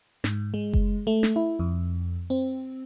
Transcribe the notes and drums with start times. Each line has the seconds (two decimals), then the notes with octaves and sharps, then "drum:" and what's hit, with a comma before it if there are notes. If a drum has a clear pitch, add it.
0.24 G#2, drum: snare
0.54 G#3
0.73 drum: kick F#1
1.07 A3
1.23 drum: snare
1.36 E4
1.59 F2
2.30 C4